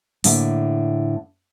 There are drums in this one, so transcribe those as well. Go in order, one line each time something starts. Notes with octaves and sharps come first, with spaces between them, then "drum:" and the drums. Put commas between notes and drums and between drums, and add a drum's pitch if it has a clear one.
A2 D3 A#3 E4, drum: open hi-hat